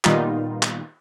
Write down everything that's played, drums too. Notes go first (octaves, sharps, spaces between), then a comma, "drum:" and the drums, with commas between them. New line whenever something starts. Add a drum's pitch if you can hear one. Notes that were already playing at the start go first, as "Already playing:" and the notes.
A#2 D#3 G3 B3 D#4 F4, drum: clap
drum: clap